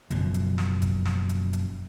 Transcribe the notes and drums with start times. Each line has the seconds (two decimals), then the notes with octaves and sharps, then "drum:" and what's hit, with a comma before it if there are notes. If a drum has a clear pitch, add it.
0.10 F#1 F#2 B2 F3, drum: hi-hat
0.34 drum: hi-hat
0.58 drum: snare
0.82 drum: kick G#1, hi-hat
1.05 drum: snare
1.29 drum: hi-hat
1.53 drum: hi-hat